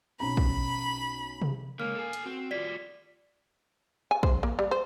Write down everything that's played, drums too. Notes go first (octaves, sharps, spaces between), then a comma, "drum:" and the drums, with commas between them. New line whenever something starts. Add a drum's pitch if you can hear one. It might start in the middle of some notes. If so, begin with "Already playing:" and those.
B1 C#4 A#5 B5
drum: kick
drum: tom C3
C#3 G#3 A#3 F6
A4 G#5
drum: hi-hat
C4 F#4
G3 F4 D5 B6
G#5
C5, drum: kick
A#3
G3
C5